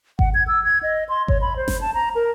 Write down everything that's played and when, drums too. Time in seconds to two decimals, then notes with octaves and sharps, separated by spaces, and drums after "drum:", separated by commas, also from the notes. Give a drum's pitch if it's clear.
0.19 F#5, drum: kick G#1
0.34 G#6
0.47 E6
0.64 G#6
0.83 D#5
1.09 C6
1.28 C#5, drum: kick G#1
1.41 B5
1.57 C5
1.68 drum: snare G1
1.81 A5
1.94 A#5
2.15 A#4